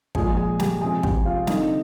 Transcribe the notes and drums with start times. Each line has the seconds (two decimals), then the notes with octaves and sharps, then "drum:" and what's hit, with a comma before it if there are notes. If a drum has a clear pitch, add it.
0.15 A#2 F3 G#3 G#4 G#5, drum: kick
0.37 G#4 G#5
0.60 G4 G5, drum: snare
0.81 C3 F3 G#3 C4 G#4 G#5
1.03 G4 G5, drum: kick
1.26 F4 F5
1.47 D3 G3 C4 D#4 D#5, drum: snare